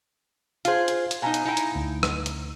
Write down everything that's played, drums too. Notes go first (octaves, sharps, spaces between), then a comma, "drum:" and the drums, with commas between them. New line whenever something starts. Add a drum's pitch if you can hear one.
F4 G#4 C5 F5, drum: hi-hat
drum: hi-hat
drum: hi-hat
B2 D#4 F5 G#5 A#5
drum: hi-hat
D#4 E4 G5
drum: hi-hat
D2
drum: rim click
drum: hi-hat